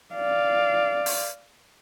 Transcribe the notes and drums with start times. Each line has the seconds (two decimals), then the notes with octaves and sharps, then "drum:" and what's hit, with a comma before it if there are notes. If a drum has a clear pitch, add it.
0.14 D5 F5
1.06 drum: open hi-hat